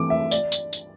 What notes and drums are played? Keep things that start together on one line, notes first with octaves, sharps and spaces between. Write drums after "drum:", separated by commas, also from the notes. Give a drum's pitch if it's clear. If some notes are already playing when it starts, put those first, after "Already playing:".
Already playing: G2 E3 A3 C4 D6
E5
D5, drum: tambourine
drum: tambourine
drum: tambourine